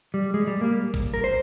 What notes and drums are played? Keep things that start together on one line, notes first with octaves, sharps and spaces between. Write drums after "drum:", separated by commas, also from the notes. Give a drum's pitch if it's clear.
G3
G#3
G3
A#3
drum: kick
A#4
C5